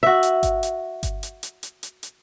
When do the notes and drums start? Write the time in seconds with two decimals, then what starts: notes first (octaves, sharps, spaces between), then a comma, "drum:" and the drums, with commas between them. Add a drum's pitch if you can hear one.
0.03 F#4 E5
0.23 drum: hi-hat
0.43 drum: kick G1, hi-hat
0.63 drum: hi-hat
1.03 drum: kick G1, hi-hat
1.23 drum: hi-hat
1.43 drum: hi-hat
1.63 drum: hi-hat
1.83 drum: hi-hat
2.03 drum: hi-hat